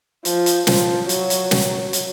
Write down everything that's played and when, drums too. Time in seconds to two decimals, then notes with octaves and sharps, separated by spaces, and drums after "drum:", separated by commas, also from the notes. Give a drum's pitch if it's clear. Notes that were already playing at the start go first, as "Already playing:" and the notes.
0.25 F3, drum: hi-hat
0.46 drum: hi-hat
0.67 F3, drum: snare
1.09 F#3, drum: hi-hat
1.30 drum: hi-hat
1.51 drum: snare
1.93 drum: hi-hat